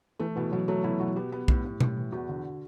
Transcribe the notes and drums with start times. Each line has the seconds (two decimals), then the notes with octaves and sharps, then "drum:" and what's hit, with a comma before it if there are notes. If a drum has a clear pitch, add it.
0.19 E3 A3
0.36 B2 E3
0.52 B2 F#3
0.68 F#3 A3
0.84 B2 E4
1.00 B2 F#4
1.16 B3 G4
1.32 B3
1.48 A2, drum: kick B1
1.65 A2
1.80 A2, drum: tom B2
1.97 E3
2.12 E2 F#4
2.29 D3